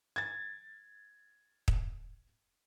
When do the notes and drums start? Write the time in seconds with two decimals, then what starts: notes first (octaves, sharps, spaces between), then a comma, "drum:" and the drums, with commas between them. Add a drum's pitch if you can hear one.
0.16 G#6 A6
1.68 drum: kick